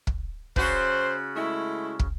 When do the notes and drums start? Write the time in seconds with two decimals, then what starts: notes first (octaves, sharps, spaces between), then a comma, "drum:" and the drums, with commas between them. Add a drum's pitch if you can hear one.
0.07 drum: kick
0.56 C#3 F#4 C5, drum: kick
1.35 G#3 A3 E4
1.99 drum: kick